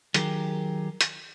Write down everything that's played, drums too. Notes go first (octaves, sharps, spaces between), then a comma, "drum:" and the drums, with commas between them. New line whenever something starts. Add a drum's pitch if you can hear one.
D#3 F#3 G4 G#4 A#4, drum: hi-hat
drum: hi-hat